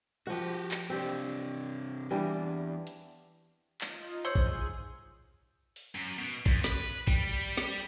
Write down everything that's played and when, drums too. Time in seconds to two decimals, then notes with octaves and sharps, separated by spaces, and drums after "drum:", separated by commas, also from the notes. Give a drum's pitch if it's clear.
0.27 F3 F#4 G4 C5 F#5
0.71 drum: clap
0.90 C3 C4 D4 G4
2.11 E2 E3 G3 D4
2.87 drum: hi-hat
3.81 D#4 F4, drum: clap
4.25 G#4 C5 C#5 C6 E6 G6
4.35 drum: kick A1
5.76 drum: open hi-hat
5.95 F#2
6.18 B2
6.46 F2, drum: kick A1
6.64 B4, drum: snare
7.08 G3, drum: kick A1
7.57 drum: snare